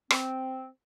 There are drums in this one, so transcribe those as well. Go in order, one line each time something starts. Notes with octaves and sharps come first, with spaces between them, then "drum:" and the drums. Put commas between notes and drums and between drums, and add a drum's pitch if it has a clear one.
C4, drum: rim click